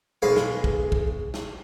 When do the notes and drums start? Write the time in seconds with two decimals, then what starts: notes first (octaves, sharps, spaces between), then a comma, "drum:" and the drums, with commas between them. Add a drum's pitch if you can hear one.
0.22 B1 G#3 B4 F5
0.36 drum: snare
0.64 drum: kick
0.92 drum: kick
1.34 drum: snare